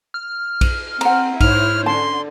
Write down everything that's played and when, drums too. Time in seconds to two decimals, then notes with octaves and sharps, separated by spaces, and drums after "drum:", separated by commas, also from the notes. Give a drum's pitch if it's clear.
0.14 F6
0.61 drum: kick A#1, cymbal
1.01 C4 F#5 A#5, drum: cymbal
1.41 G#2 E4 C5 C#5 F6, drum: kick A#1, cymbal
1.86 D3 C#4 A5 C6